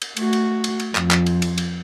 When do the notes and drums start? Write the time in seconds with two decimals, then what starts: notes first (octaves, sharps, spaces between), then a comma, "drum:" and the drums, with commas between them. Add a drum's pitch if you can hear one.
0.02 drum: cymbal
0.17 A3 F#4, drum: cymbal
0.33 drum: cymbal
0.64 drum: cymbal
0.80 drum: cymbal
0.95 F2 F3, drum: clap
1.11 drum: clap
1.26 drum: cymbal
1.42 drum: cymbal
1.58 drum: cymbal